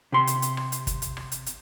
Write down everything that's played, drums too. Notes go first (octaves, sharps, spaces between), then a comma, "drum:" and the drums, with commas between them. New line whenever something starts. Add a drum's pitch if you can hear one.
C3 C6
drum: hi-hat
drum: hi-hat
drum: rim click
drum: hi-hat
drum: kick, hi-hat
drum: hi-hat
drum: rim click
drum: hi-hat
drum: hi-hat